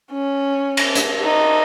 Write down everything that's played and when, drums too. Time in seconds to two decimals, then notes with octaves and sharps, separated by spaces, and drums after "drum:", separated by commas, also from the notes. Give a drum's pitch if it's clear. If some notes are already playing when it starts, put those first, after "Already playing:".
0.12 C#4
0.77 drum: cymbal
0.95 drum: hi-hat
1.24 D#4